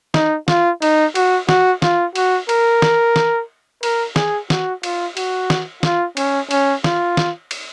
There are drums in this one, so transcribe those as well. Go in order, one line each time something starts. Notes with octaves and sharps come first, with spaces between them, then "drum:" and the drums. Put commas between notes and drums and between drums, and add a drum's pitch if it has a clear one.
D#4, drum: snare
F4, drum: snare
D#4, drum: cymbal
F#4, drum: cymbal
F#4, drum: snare
F4, drum: snare
F#4, drum: cymbal
A#4, drum: cymbal
drum: snare
drum: snare
A#4, drum: cymbal
G#4, drum: snare
F#4, drum: snare
F4, drum: cymbal
F#4, drum: cymbal
drum: snare
F4, drum: snare
C#4, drum: cymbal
C#4, drum: cymbal
F4, drum: snare
drum: snare
drum: cymbal